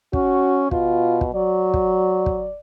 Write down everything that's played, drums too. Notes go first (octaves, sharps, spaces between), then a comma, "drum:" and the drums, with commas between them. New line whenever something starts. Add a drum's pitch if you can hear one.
C#4 F#4, drum: kick
B2 F4, drum: kick
drum: kick
F#3 D5
drum: kick
drum: kick